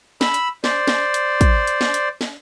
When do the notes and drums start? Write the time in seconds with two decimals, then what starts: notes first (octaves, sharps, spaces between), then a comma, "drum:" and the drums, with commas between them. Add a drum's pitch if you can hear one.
0.21 B5 E6, drum: snare
0.34 drum: hi-hat
0.64 C5 D5, drum: snare
0.87 drum: snare
1.14 drum: hi-hat
1.41 drum: kick, hi-hat
1.67 drum: hi-hat
1.81 drum: snare
1.94 drum: hi-hat
2.21 drum: snare